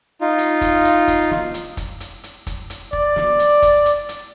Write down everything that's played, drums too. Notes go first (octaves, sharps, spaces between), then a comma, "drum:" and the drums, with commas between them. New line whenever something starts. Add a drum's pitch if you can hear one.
D#4 F4
drum: hi-hat
drum: kick, hi-hat
drum: hi-hat
drum: kick, hi-hat
drum: snare
drum: hi-hat
drum: kick, hi-hat
drum: hi-hat
drum: hi-hat
drum: kick, hi-hat
drum: hi-hat
D5, drum: kick
drum: snare
drum: hi-hat
drum: kick, hi-hat
drum: hi-hat
drum: hi-hat